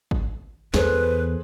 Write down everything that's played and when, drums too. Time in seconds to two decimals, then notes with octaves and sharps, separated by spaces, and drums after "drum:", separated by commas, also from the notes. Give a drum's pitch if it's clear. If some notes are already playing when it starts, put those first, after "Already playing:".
0.11 drum: kick G#1
0.74 E2 G#4 A4 B4 C5, drum: snare